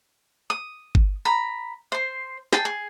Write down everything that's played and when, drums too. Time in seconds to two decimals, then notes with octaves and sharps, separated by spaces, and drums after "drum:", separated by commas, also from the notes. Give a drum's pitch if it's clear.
0.50 D#6
0.95 drum: kick G1
1.25 A#5 B5
1.92 C5 C6
2.53 G#4 G5 A5, drum: snare
2.65 G#4